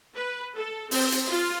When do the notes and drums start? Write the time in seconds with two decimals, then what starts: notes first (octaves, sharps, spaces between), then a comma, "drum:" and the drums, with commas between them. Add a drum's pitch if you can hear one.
0.16 B4
0.56 A4
0.91 C4, drum: open hi-hat
1.12 drum: hi-hat
1.28 F4